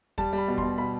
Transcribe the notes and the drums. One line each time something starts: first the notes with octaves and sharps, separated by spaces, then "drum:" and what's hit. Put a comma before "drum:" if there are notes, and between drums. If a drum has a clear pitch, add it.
G3 A5, drum: kick
G3
B5
B2
C6, drum: kick
B2
B2 B5